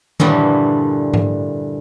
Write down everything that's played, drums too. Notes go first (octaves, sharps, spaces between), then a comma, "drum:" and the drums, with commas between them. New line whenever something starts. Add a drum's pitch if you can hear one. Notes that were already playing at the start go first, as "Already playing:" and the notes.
G2 A#2 D3 E3 G3, drum: tom D#3
drum: tom G#2